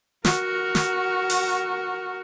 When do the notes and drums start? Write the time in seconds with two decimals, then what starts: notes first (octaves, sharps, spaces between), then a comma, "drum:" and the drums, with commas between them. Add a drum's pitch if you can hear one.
0.25 F#4 A#4, drum: snare
0.75 drum: snare
1.30 drum: open hi-hat